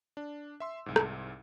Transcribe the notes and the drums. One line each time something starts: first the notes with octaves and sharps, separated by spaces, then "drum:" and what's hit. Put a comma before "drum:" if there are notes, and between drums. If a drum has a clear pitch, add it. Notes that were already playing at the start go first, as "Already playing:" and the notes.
D4
E5 C6 E6
C2 G#2
drum: rim click